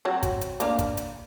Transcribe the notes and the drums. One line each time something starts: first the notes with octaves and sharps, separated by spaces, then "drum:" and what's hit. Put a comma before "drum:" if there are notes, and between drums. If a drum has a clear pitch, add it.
F#3 C4 F#4
drum: kick, hi-hat
drum: hi-hat
A#3 D4 F5, drum: hi-hat
drum: kick, hi-hat
drum: hi-hat